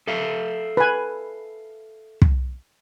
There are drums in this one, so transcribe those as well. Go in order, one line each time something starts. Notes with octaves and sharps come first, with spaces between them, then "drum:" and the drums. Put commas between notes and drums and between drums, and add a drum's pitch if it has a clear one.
A4 E5 F5
B4 G#5
drum: kick